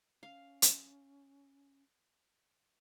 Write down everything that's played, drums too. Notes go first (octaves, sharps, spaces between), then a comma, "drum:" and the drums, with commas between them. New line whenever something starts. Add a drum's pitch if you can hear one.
C#4 F5
drum: hi-hat